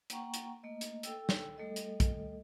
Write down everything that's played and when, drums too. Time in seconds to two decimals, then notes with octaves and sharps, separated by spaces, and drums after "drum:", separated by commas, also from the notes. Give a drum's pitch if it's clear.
0.10 A#3 F#5 G5 A#5 C#6, drum: hi-hat
0.34 drum: hi-hat
0.63 A3 A#3 D#5
0.81 drum: hi-hat
1.03 A4 G5 E6, drum: hi-hat
1.29 drum: snare
1.58 G3 A3 A4 D#5
1.76 drum: hi-hat
2.00 drum: kick A#1, hi-hat